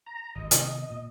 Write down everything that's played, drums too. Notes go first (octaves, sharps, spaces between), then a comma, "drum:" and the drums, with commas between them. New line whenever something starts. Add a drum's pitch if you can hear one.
A#5
G#1 F#2 D#5
C3 D#3 B3, drum: hi-hat
A#2